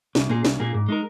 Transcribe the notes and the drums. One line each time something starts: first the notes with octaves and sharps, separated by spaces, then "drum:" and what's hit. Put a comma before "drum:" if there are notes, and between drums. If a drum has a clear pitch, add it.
C2, drum: snare
A#2 A#3 G#4
C2, drum: snare
A#2 A#3 G#4
G#2
G#3 D#4 A#4